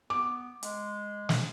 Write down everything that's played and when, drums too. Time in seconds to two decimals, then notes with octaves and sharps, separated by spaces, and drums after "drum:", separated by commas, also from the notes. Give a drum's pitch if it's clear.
0.10 B3 D6
0.63 G#3, drum: hi-hat
1.29 drum: snare